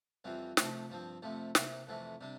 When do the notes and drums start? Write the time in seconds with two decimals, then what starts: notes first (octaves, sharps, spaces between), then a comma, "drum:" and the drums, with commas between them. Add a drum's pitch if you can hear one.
0.24 F2 E3 G3 C4 F4
0.57 C3 F3 A3, drum: snare
0.90 G2 F3 C4
1.22 F2 C3 F3 A3
1.55 C3 E3 A#3, drum: snare
1.87 F2 C3 E3 A3
2.21 C3 G3 D4